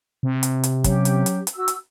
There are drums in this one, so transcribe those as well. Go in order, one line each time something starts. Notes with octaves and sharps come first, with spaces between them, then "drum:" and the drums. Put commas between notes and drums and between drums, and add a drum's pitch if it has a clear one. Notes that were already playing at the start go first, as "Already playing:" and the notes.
C3
drum: hi-hat
drum: hi-hat
F#3 C#4 G4, drum: kick, hi-hat
drum: hi-hat
drum: hi-hat
drum: hi-hat
F#4 E6
drum: hi-hat